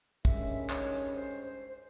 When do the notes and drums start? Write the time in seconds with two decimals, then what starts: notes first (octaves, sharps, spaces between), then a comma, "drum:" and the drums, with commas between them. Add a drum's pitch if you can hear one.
0.25 G2 D#3 G#3 C#4 E5, drum: kick
0.70 C#5, drum: clap
1.15 C5
1.44 C5
1.68 C5